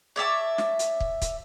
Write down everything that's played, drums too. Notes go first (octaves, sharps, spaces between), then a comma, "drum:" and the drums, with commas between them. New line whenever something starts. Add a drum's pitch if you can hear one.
C#5 D5 E5 A5
drum: snare
drum: hi-hat
drum: kick
drum: kick, hi-hat